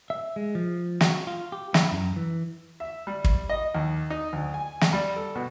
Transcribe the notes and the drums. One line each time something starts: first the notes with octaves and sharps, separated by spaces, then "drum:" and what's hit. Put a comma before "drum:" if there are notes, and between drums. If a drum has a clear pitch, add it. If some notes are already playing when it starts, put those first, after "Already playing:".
E5
G#3
F3
F#4, drum: snare
F4
G4
E4, drum: snare
F#2
E3
E5
G3
drum: kick
D#5
D#2
D#4
D2
G#5
drum: snare
G3
A4
B2